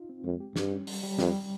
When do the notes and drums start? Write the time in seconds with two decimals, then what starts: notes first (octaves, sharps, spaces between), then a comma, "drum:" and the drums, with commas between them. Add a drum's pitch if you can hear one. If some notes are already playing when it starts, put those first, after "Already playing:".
Already playing: D#4 F4
0.09 C4
0.24 F2 G#3
0.40 G4
0.56 G2 G3, drum: snare
0.72 C#4
0.87 G3, drum: open hi-hat
1.04 G3
1.19 F2 G3, drum: snare
1.35 G4